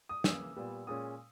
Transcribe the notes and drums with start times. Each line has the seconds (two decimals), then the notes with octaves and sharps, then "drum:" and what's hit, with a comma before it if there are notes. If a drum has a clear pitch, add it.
0.09 D#6
0.24 C#3 E3 A#3 E6, drum: snare
0.56 A#2 G3 B3
0.87 A#2 G#3 C#4 D#6